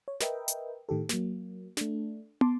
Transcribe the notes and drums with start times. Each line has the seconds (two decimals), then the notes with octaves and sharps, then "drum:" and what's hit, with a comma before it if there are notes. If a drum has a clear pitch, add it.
0.08 C#5
0.21 A#4 B4 D#5 E5 G5, drum: snare
0.48 drum: hi-hat
0.89 A2 D#3 G4 A4
1.09 F#3 A#3, drum: snare
1.77 A3 D4, drum: snare
2.41 A5 C6 D6, drum: tom